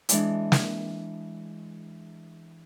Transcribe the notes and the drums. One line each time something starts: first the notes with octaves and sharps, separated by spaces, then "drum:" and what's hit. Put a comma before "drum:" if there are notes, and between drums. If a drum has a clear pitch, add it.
E3 G#3 D4 E4, drum: hi-hat
drum: snare